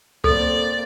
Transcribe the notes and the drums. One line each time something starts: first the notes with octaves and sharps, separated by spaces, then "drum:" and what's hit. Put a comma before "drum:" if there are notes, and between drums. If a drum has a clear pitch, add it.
A#3 C4 A4 D5, drum: kick C#2